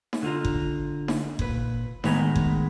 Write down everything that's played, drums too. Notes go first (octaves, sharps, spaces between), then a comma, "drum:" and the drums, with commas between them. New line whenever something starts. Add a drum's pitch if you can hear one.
drum: snare D#4
D3 F4 A#5
drum: kick F#1
drum: snare D#4
A#2 B4, drum: kick F#1
A2 D#3 G#3 B3 B4 A#5, drum: snare D#4
drum: kick F#1